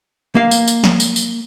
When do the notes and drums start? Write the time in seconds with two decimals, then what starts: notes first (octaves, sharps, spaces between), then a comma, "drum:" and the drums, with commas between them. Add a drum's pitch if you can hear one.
0.35 A#3 F5
0.51 drum: tambourine
0.68 drum: tambourine
0.84 drum: snare
1.00 drum: tambourine
1.16 drum: tambourine